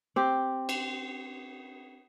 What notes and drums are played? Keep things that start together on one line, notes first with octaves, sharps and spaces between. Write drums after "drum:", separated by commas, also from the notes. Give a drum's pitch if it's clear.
C4 G4
drum: cymbal